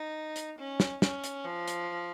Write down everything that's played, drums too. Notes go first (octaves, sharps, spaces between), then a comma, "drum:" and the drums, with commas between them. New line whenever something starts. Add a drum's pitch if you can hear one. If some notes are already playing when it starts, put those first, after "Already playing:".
Already playing: D#4
drum: hi-hat
C#4
drum: snare
C#4, drum: snare
drum: hi-hat
F3
drum: hi-hat